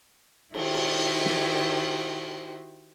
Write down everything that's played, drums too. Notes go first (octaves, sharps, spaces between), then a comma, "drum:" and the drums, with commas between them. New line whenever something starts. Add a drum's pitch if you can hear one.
D#3 E4 F#4 G4 C5, drum: cymbal
drum: cymbal
drum: snare